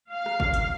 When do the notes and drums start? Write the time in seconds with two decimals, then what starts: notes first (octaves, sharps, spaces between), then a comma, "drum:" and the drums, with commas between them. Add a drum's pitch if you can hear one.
0.12 F5
0.26 drum: rim click
0.40 drum: kick
0.54 drum: hi-hat